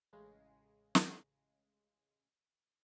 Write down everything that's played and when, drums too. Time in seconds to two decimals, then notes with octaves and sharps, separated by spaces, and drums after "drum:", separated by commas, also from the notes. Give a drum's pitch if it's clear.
0.13 A1 C#3 G#3
0.95 drum: snare